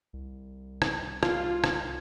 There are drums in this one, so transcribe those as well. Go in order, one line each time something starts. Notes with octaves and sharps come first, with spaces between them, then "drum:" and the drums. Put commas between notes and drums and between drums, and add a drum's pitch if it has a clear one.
C2
drum: rim click
F4, drum: rim click
drum: rim click